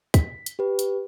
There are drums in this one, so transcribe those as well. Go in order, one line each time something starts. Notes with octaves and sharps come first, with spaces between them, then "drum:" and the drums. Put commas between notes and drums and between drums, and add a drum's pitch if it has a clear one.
B6, drum: kick, hi-hat
drum: hi-hat
G4 B4
drum: hi-hat